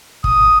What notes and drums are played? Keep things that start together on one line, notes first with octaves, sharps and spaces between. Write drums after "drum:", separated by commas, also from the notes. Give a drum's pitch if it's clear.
D#6, drum: kick